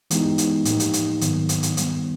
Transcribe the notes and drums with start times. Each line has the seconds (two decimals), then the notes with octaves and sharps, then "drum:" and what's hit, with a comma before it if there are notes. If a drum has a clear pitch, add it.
0.11 E3 G#3 B3 D#4 G4, drum: hi-hat
0.38 drum: hi-hat
0.65 A2 F3 A#3 D#4 G4, drum: hi-hat
0.80 drum: hi-hat
0.93 drum: hi-hat
1.21 G#2 D#3 F#3 B3, drum: hi-hat
1.49 drum: hi-hat
1.63 drum: hi-hat
1.77 D#3 G3 B3, drum: hi-hat